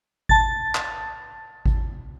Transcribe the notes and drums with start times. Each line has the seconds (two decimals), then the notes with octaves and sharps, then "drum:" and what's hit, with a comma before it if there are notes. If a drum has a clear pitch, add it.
0.29 A5 A6, drum: kick G#1
0.75 drum: clap
1.66 drum: kick G#1